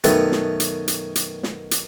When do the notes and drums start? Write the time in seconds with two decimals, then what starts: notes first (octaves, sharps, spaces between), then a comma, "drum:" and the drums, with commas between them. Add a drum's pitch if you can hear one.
0.04 F#2 B2 D#3 A3 A4 B4, drum: hi-hat
0.32 drum: snare
0.60 drum: hi-hat
0.88 drum: hi-hat
1.15 drum: hi-hat
1.43 drum: snare
1.71 drum: hi-hat